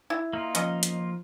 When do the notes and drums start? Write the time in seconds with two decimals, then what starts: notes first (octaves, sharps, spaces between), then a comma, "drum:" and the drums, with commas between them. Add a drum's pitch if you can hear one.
0.10 E4
0.33 A#3 D#4 F4
0.55 F3 C#4 D#5, drum: hi-hat
0.83 drum: hi-hat